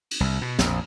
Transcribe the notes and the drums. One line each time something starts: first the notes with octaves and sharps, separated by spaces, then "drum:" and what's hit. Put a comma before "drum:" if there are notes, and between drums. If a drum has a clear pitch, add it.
drum: cymbal
C2
B2
A#1 F2, drum: snare